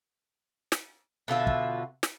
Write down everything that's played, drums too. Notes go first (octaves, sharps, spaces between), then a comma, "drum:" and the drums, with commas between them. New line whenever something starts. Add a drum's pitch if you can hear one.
drum: snare
B2 D3 F4 E5
drum: kick
drum: snare